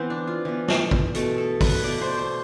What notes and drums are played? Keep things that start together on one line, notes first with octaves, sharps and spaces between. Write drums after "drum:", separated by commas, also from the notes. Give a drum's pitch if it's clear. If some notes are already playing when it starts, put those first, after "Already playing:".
Already playing: E3 B3 C4
D4
F4
E3 B3
drum: snare
drum: kick
B2 A3 A4, drum: hi-hat
A4
B4, drum: kick, open hi-hat
B2 A3 D5
C5
C5